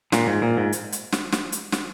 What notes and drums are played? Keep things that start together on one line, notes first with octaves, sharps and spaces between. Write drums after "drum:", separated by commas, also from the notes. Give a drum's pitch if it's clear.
A#2, drum: snare
G#2
A#2
G#2
drum: hi-hat
drum: hi-hat
drum: snare
drum: snare
drum: hi-hat
drum: snare